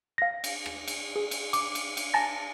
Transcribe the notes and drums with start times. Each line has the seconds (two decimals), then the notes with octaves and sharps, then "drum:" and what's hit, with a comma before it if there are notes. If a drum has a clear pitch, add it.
0.18 F5 A#6
0.44 drum: cymbal
0.66 drum: rim click
0.88 drum: cymbal
1.16 G#4
1.31 drum: cymbal
1.53 D6, drum: cymbal
1.75 drum: cymbal
1.97 drum: cymbal
2.14 G#5 A5 A6 A#6